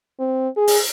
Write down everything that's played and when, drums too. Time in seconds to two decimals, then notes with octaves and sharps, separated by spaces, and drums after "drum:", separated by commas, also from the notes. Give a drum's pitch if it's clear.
0.19 C4
0.57 G#4
0.67 drum: open hi-hat